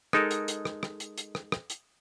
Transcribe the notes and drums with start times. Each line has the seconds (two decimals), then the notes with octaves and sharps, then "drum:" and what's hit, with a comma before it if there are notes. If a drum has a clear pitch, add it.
0.13 G#3 D#4 A4 A#4, drum: rim click
0.31 drum: hi-hat
0.48 drum: hi-hat
0.65 drum: rim click
0.83 drum: rim click
1.00 drum: hi-hat
1.18 drum: hi-hat
1.35 drum: rim click
1.52 drum: rim click
1.70 drum: hi-hat